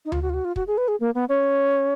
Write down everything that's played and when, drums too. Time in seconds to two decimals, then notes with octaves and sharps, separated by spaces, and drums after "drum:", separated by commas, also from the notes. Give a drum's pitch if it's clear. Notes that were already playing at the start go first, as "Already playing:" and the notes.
0.05 D#4
0.12 F4, drum: tom D2
0.22 F#4
0.29 F4
0.34 F#4
0.45 F4
0.56 F#4, drum: kick
0.67 G#4
0.78 B4
0.88 G#4
1.00 A#3
1.15 B3
1.29 C#4